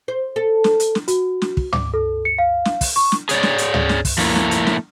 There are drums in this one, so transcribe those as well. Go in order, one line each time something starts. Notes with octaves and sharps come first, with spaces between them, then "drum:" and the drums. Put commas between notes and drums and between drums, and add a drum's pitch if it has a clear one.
C5
A4
drum: snare
drum: hi-hat
drum: snare
F#4, drum: hi-hat
drum: snare
drum: kick
D6, drum: tom
A4
C#7
F5
drum: snare
drum: kick, open hi-hat
C#6
drum: snare
G#4 C#5 D5, drum: hi-hat
drum: snare
drum: hi-hat
drum: tom
drum: snare
drum: kick, open hi-hat
F3 A3 A#3 E4
drum: snare
drum: hi-hat
drum: snare